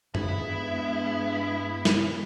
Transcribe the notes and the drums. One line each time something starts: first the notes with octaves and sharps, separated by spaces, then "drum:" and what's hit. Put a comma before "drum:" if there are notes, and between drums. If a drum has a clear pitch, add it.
G2 G#3 B3 E4, drum: tom F#2
drum: snare